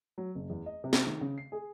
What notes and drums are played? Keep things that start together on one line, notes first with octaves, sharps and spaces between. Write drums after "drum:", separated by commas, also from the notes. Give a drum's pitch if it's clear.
F#3
F#1
E2
D#5
C3
drum: snare
D#3
C#3
C7
G#4